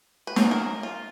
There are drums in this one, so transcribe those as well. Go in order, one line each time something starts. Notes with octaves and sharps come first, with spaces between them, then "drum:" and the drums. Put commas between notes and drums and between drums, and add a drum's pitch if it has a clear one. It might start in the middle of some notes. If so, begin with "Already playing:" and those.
B4
F#3 A#3 D#4 C5, drum: snare
A#4
F4